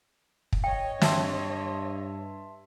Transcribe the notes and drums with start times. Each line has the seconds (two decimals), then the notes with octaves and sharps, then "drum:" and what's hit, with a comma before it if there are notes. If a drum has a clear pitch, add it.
0.53 drum: kick
0.64 C#5 D#5 G5
1.01 G2 E5 A5 C6, drum: snare